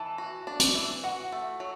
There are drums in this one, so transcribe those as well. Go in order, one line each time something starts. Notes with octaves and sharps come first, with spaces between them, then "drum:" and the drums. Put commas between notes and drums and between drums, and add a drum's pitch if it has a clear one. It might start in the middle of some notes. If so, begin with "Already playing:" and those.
Already playing: E3 A5
F#4
D4
drum: hi-hat
E3
F#4 F#5
A3
F#3